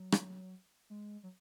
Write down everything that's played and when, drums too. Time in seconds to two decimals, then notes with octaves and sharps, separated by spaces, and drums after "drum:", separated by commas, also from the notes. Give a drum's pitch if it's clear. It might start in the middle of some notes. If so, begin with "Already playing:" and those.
Already playing: F#3
0.12 drum: rim click
0.90 G#3
1.23 F#3